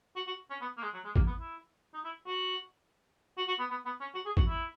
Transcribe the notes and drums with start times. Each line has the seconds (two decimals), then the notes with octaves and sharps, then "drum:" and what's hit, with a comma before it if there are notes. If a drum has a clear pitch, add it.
0.16 F#4
0.27 F#4
0.50 C#4
0.61 B3
0.77 A#3
0.82 G#3
0.94 F#3
1.04 G#3
1.16 A#3, drum: kick A1
1.27 B3
1.39 E4
1.94 D#4
2.05 E4
2.26 F#4
3.37 F#4
3.48 F#4
3.59 B3
3.70 B3
3.85 B3
4.00 C#4
4.14 F#4
4.26 G#4
4.37 F#4, drum: kick A1
4.48 E4